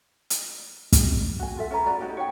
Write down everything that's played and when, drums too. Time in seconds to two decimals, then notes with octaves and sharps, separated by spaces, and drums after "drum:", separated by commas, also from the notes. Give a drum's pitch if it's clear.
0.30 drum: hi-hat
0.92 drum: kick, hi-hat
1.40 F#4 G#5
1.57 F4 A4 E5
1.71 C#4 A4 B4 A#5
1.86 F#4 D5 A#5
2.00 C#4 D#4 F#4 G4
2.17 C#5 G5